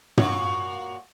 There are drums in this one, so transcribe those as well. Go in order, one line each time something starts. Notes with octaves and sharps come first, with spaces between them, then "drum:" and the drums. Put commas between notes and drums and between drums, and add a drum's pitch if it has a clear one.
A#2 F#4 C#5, drum: tom